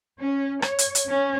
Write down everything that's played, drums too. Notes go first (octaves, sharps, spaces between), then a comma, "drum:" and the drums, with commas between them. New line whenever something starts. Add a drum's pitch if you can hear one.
C#4
C#5, drum: rim click
drum: hi-hat
drum: hi-hat
C#4